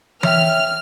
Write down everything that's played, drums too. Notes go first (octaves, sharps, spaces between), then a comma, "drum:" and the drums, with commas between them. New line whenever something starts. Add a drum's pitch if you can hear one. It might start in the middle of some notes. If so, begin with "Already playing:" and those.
C#5 E5 G5 F6, drum: tom E3